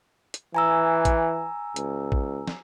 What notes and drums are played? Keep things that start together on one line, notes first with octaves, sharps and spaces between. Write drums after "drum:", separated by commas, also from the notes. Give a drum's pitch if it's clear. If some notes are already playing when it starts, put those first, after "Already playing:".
drum: hi-hat
E3 G#5 A#5 E6
drum: kick, hi-hat
C#2, drum: hi-hat
drum: kick
drum: snare